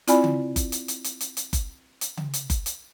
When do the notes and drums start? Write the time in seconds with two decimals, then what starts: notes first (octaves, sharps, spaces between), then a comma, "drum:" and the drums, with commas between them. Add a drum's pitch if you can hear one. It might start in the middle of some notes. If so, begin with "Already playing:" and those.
0.08 C4 E4 F4 D5 G#5 B5, drum: hi-hat
0.24 drum: tom C#3
0.56 drum: kick F#1, hi-hat
0.72 drum: hi-hat
0.88 drum: hi-hat
1.04 drum: hi-hat
1.21 drum: hi-hat
1.37 drum: hi-hat
1.53 drum: kick F#1, hi-hat
2.01 drum: hi-hat
2.17 drum: tom C#3
2.34 drum: hi-hat
2.50 drum: kick F#1, hi-hat
2.66 drum: hi-hat